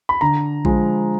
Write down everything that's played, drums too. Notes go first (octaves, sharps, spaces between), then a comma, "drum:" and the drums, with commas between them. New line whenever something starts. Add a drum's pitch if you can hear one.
B5
D3 A#5
F3 G#3, drum: kick A#1